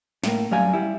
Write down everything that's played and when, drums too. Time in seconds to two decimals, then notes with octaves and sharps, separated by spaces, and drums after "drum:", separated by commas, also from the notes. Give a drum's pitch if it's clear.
0.24 A2 A#3, drum: snare
0.51 F#2 G3 F5 G#5
0.73 G3 E4